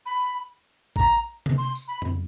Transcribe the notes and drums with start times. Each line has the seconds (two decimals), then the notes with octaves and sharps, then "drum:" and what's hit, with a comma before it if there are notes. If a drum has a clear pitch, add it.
0.05 B5
0.96 A#5, drum: kick A1
1.46 drum: tom C3
1.57 C6
1.75 drum: tambourine
1.87 B5
2.02 drum: tom F2